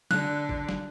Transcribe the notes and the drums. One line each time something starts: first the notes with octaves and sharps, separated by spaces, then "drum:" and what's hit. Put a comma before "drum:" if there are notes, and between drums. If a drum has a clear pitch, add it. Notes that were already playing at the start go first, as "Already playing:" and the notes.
D3 F#6, drum: snare
drum: kick
drum: snare